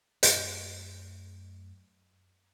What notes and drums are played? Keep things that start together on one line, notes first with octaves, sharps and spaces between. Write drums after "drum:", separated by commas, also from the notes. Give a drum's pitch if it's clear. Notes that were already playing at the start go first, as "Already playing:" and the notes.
F#2 A3, drum: hi-hat